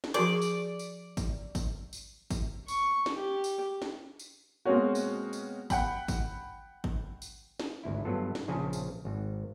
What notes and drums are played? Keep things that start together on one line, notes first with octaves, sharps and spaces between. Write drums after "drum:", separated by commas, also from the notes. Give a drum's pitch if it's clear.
drum: snare C#4
F3 F#4 G#4 A#4 D5
drum: tambourine
drum: tambourine
drum: kick G#1, tambourine
drum: kick G#1, tambourine
drum: tambourine
drum: kick G#1, tambourine
C#6, drum: tambourine
drum: snare C#4
G4
drum: tambourine
drum: snare C#4
drum: tambourine
B2 G#3 A#3 C4 C#4 F#4
drum: tambourine
drum: tambourine
F#5 G5 B5, drum: kick G#1, tambourine
drum: kick G#1, tambourine
drum: kick G#1
drum: tambourine
drum: snare C#4
G#1 D2 E4
G2 F#3 B3 F4 A4
drum: snare C#4
A#1 C#3 F3 G#5 A5
drum: tambourine
G#1